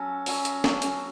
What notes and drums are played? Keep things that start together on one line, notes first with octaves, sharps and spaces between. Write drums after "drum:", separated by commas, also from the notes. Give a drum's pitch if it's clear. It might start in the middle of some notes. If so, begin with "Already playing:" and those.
Already playing: F#3 C#4 F#4 A4
F#3 C#4 F#4 A4, drum: open hi-hat
drum: hi-hat
F#3 C#4 F#4 A4, drum: snare
drum: hi-hat